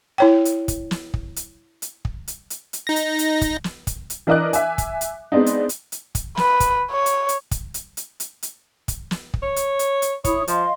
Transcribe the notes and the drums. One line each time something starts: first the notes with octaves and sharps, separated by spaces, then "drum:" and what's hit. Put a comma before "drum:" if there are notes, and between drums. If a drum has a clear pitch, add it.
E4 C#5 G5
drum: hi-hat
drum: kick, hi-hat
drum: snare
drum: kick
drum: hi-hat
drum: hi-hat
drum: kick
drum: hi-hat
drum: hi-hat
drum: hi-hat
D#4 A#6
drum: hi-hat
drum: hi-hat
drum: kick, hi-hat
drum: snare
drum: kick, hi-hat
drum: hi-hat
E3 D4 A#4 D#5 D6 F#6
E5 G#5, drum: hi-hat
drum: kick, hi-hat
drum: hi-hat
G#3 B3 C4 D4 D#4
drum: hi-hat
drum: hi-hat
drum: hi-hat
drum: kick, hi-hat
B4, drum: snare
drum: kick, hi-hat
C#5
drum: hi-hat
drum: hi-hat
drum: kick, hi-hat
drum: hi-hat
drum: hi-hat
drum: hi-hat
drum: hi-hat
drum: kick, hi-hat
drum: snare
drum: kick
C#5
drum: hi-hat
drum: hi-hat
drum: hi-hat
E4 C#5 B5 D#6, drum: kick, hi-hat
F3 D#5 F5 C6, drum: hi-hat